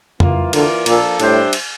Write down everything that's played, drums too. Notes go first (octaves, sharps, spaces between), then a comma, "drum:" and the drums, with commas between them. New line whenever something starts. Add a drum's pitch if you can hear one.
E3 A#3 F4, drum: tom
D3 E3 A#3 F4 A#4 D5, drum: cymbal
A#2 F3 A#3 D4 A4, drum: cymbal
A2 G3 D4 G4 C5 E5, drum: cymbal
drum: cymbal